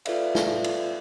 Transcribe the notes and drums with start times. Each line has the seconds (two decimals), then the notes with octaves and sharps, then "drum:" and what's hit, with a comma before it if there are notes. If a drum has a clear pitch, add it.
0.05 F4 A4 B4 D5 E5 F5, drum: cymbal
0.35 drum: snare
0.64 drum: cymbal